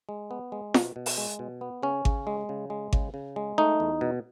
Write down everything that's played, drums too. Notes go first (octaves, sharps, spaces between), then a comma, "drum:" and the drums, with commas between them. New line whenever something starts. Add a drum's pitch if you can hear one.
G#3
B3
G#3
B2, drum: snare F4
B2
drum: open hi-hat
G#3
B2
B3
C#3 C#4
C#3, drum: kick G#1
G#3
C#3
G#3
C#3, drum: kick G#1
C#3
G#3
A3 D#4
E2
B2